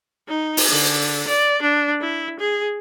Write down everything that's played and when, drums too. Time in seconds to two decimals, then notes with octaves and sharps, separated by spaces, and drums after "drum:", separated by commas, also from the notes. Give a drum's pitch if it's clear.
0.29 D#4
0.57 drum: open hi-hat
0.70 D3
1.27 D5
1.62 D4
2.02 E4
2.39 G#4